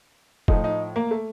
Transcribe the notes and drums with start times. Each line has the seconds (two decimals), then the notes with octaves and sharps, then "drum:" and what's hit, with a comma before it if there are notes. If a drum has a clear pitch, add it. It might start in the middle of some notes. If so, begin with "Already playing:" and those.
0.48 A2 F3 D#4, drum: kick E1
0.64 D#4
0.96 A#3
1.11 A3